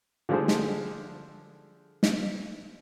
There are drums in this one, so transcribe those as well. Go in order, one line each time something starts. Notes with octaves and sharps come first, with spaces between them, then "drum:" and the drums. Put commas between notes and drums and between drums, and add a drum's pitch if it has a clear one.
D3 F3 G3 A3 G#4 C5
drum: snare
drum: snare